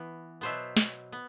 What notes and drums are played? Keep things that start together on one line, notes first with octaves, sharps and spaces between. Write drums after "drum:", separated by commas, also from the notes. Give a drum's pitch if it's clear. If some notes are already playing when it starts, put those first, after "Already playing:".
Already playing: E3 B3
B2 F#3 B3 C5 E5
drum: snare
B3